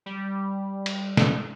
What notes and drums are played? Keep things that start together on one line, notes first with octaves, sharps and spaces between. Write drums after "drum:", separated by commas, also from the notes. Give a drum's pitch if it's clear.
G3
drum: cymbal
drum: snare